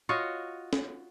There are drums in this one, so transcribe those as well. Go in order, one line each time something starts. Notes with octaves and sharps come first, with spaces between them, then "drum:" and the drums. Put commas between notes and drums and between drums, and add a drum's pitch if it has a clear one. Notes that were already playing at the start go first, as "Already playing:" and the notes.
F4 F#4 C#5 D#5
drum: snare